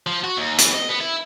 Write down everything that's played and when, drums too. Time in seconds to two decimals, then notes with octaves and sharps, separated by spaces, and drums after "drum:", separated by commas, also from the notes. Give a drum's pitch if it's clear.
0.06 F3
0.24 F#4
0.37 D#2
0.59 E3, drum: hi-hat
0.74 D#5
0.89 B3
1.00 E4